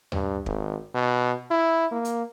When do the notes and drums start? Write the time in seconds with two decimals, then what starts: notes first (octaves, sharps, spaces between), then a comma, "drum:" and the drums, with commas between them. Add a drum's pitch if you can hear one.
0.12 G2, drum: tom D#2
0.46 G#1, drum: kick
0.95 B2
1.51 E4
1.91 A#3
2.05 drum: hi-hat